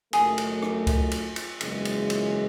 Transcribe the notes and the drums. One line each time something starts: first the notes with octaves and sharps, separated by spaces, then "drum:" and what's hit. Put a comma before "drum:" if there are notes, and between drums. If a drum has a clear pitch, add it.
F#1 F#2 D#3 A3 G#4, drum: cymbal
drum: cymbal
drum: rim click
drum: kick C#2, cymbal
drum: cymbal
drum: cymbal
F#1 E2 C#3 E3 G#3, drum: cymbal
drum: cymbal
drum: cymbal